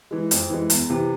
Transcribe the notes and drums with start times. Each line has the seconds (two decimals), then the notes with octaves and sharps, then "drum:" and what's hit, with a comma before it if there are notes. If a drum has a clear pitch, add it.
0.11 E3 G#3
0.31 F2, drum: hi-hat
0.50 E3 G#3
0.70 E2, drum: hi-hat
0.90 C3 E3